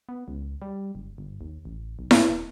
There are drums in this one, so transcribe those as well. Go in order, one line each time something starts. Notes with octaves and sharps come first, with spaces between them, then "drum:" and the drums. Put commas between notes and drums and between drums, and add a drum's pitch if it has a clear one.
B3
C#2
G3
F#1
G1
D#2
A1
B1
G#2, drum: snare E4
D#1